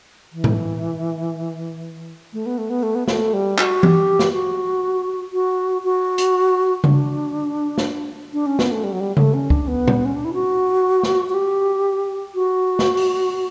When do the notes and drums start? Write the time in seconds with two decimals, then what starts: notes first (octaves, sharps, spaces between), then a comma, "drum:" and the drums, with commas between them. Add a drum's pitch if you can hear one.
0.32 E3
0.44 drum: tom A2
2.33 A3
2.46 B3
2.58 A3
2.70 B3
2.83 A3
2.95 B3
3.08 A3, drum: snare
3.33 G3
3.58 F#4, drum: clap
3.83 G4, drum: tom E3
4.19 drum: snare
4.33 F#4
5.33 F#4
5.84 F#4
6.18 drum: hi-hat
6.84 D4, drum: tom C#3
7.78 drum: snare
8.33 D4
8.46 C#4
8.59 B3, drum: snare
8.71 A3
8.84 G3
8.93 F#3
9.00 G3
9.17 A3, drum: tom C#3
9.34 C#4
9.50 D4, drum: kick
9.67 B3
9.88 drum: tom A#2
10.05 C#4
10.15 D4
10.25 E4
10.34 F#4
11.03 drum: snare
11.29 F#4
11.34 G4
12.34 F#4
12.79 drum: snare
12.97 drum: open hi-hat